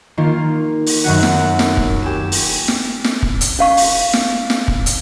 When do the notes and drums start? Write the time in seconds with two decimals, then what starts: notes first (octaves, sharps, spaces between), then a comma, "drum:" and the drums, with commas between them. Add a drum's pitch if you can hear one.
0.17 D#3 A#3 F4
0.86 drum: open hi-hat
1.04 F#2 D#3 F#4 F#5
1.23 drum: snare
1.59 drum: snare
1.77 drum: kick
2.02 G4 G#5 E7
2.32 drum: open hi-hat
2.68 drum: snare
3.04 drum: snare
3.23 drum: kick
3.41 drum: hi-hat
3.59 C#4 F5 C#6
3.77 drum: open hi-hat
4.13 drum: snare
4.50 drum: snare
4.68 drum: kick
4.86 drum: hi-hat